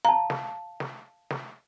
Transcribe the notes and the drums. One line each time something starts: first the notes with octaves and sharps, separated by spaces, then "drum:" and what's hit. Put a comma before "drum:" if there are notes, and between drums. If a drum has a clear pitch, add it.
F5 A5 A#5
drum: snare
drum: snare
drum: snare